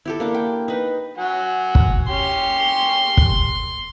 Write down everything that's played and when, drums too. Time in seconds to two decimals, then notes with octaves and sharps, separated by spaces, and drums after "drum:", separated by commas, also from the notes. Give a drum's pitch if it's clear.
0.05 E4 G4 A4
0.20 A#3 D4 D6
0.35 G5
0.68 D#4 B4
1.18 F#3 F#5 G#5
1.75 drum: kick
2.09 C#4 G4 C6
3.17 drum: kick